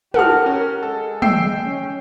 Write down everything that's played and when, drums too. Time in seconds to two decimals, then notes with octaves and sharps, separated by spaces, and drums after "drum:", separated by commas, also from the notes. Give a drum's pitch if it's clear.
0.14 G4 A#4 F#5 A5 F6, drum: tom
0.46 C#4
0.83 G#3 A4
1.22 G5 E6 C7, drum: tom
1.65 C#4